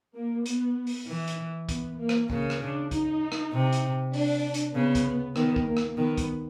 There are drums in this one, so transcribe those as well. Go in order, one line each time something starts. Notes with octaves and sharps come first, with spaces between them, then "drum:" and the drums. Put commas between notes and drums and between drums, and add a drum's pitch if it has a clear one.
A#3
B3, drum: hi-hat
drum: open hi-hat
E3
drum: hi-hat
B3, drum: kick, hi-hat
A#3
drum: rim click
C#3 A#3, drum: kick
drum: rim click
D4
D#4, drum: kick, hi-hat
drum: rim click
C3
drum: hi-hat
D4, drum: open hi-hat
drum: hi-hat
C#3 B3
drum: kick, hi-hat
D#3 B3, drum: rim click
drum: kick
A#3
drum: rim click
D#3 B3
drum: kick, hi-hat